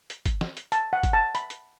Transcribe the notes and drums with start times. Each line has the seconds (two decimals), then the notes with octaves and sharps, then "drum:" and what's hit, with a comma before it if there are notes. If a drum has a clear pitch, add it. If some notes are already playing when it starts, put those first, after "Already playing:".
0.10 drum: hi-hat
0.26 drum: kick, hi-hat
0.41 drum: snare
0.57 drum: hi-hat
0.72 A5, drum: hi-hat
0.93 F#5
1.03 drum: kick, hi-hat
1.13 A5
1.35 B5, drum: hi-hat
1.50 drum: hi-hat